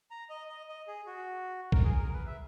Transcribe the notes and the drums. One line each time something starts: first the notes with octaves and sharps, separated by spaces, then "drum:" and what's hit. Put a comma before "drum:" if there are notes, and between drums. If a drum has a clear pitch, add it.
A#5
D#5
D#5
D#5
G#4
F#4
A#4, drum: kick
G#4
A#4
B4
E5